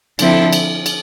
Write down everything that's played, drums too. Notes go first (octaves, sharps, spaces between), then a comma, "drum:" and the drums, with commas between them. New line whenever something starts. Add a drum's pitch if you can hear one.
D3 F3 C4 E4 A4, drum: cymbal
drum: cymbal
drum: cymbal